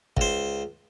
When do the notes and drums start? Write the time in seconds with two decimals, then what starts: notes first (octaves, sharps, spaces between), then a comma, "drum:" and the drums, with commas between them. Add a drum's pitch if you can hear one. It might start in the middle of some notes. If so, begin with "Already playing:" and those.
0.17 C#2 C5, drum: kick